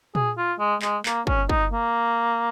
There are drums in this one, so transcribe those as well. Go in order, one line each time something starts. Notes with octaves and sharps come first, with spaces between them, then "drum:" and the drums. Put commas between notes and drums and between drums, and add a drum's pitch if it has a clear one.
G#4, drum: tom A#2
F4
G#3
G#3, drum: clap
A#3, drum: clap
C#4, drum: kick
D#4, drum: kick
A#3